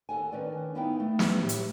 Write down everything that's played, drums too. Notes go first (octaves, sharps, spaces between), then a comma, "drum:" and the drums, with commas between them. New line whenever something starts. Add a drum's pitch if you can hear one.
D#2 A4 F#5 G#5
D#3 C#4 D4 B4 D5
B3 D#4 E4 F5 G5
A3
drum: snare
A2 A3 G4
drum: hi-hat